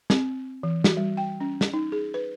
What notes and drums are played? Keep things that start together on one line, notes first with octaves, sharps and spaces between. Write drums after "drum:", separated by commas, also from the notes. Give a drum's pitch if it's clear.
C4, drum: snare
E3
F#4, drum: snare
G3
G5
C#4
drum: snare
D#4
G#4
B4